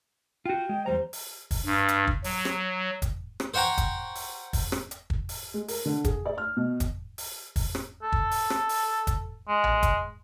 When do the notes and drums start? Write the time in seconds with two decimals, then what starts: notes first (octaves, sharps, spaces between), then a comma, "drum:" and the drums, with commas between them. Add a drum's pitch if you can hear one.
0.46 F4 F#4 G5
0.69 G#3
0.86 E2 G3 C5 A#5
1.13 drum: open hi-hat
1.51 drum: kick, open hi-hat
1.66 G2
1.88 drum: hi-hat
2.07 drum: kick
2.24 F#3, drum: open hi-hat
2.45 drum: rim click
3.02 drum: kick, hi-hat
3.40 drum: rim click
3.54 C5 C#5 F#5 G5 A#5
3.78 drum: kick, hi-hat
4.15 drum: open hi-hat
4.53 drum: kick, open hi-hat
4.72 drum: rim click
4.91 drum: hi-hat
5.10 drum: kick
5.29 drum: open hi-hat
5.54 G#3
5.68 A#4, drum: open hi-hat
5.85 D3
6.04 G#4, drum: kick, hi-hat
6.26 D5
6.38 F6
6.57 B2
6.80 drum: kick, hi-hat
7.18 drum: open hi-hat
7.56 drum: kick, open hi-hat
7.75 drum: rim click
8.03 A4
8.12 drum: kick
8.31 drum: open hi-hat
8.50 drum: rim click
8.69 drum: open hi-hat
9.07 drum: kick, hi-hat
9.48 G#3
9.64 drum: tom A#1
9.83 drum: kick, hi-hat